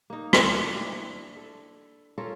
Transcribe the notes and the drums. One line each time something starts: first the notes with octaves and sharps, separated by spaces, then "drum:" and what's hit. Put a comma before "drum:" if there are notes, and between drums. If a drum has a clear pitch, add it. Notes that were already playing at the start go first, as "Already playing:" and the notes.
A#3 D#4
drum: rim click
D4 D5
E4
A4
C#4 F4 A4 A#4